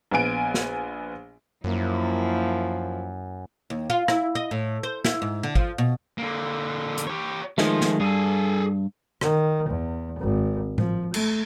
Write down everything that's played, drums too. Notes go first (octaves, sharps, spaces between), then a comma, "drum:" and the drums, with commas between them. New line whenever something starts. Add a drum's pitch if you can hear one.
A#1 B3 G#5 D7
drum: snare
F#2 F3 A#3 E4
D#2
F4
E4, drum: rim click
D#5
A2
C5
E4, drum: snare
G#2
D3
F3, drum: kick
B2
D3 A#3
drum: hi-hat
G4 C#5
D#3 F3 G#3 A3, drum: snare
drum: snare
G2 G#4 A4
D#3, drum: rim click
E2
G#1
F3, drum: tom A2
A3, drum: cymbal